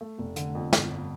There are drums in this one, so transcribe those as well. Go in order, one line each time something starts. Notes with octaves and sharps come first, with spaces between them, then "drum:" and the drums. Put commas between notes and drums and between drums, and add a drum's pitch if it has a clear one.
A3
F1
D3, drum: hi-hat
F2
G1, drum: snare
G1